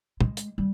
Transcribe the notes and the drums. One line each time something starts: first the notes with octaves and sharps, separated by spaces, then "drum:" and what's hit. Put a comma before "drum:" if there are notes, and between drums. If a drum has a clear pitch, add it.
G#3, drum: tom
drum: hi-hat
G3